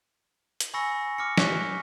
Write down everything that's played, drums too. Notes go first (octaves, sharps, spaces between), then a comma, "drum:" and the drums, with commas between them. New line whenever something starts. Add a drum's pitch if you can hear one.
drum: hi-hat
G#5 B5 C#6 E6 A#6 C#7
D6 F6 A#6 C#7
C#6 F#6 B6, drum: snare